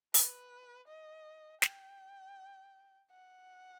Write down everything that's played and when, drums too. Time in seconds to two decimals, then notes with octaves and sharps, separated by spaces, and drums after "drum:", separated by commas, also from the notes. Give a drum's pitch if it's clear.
0.14 B4, drum: open hi-hat
0.88 D#5
1.62 G5, drum: snare
3.10 F#5